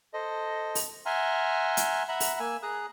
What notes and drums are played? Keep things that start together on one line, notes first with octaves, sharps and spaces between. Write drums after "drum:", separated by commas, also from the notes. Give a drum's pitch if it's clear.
A4 C5 D#5
drum: open hi-hat
E5 F#5 G#5 A#5 C6 F6
drum: hi-hat
E5 F#5 A#5 B5
drum: open hi-hat
A#3 G#5 E6
G#4 A#5 D#6 F#6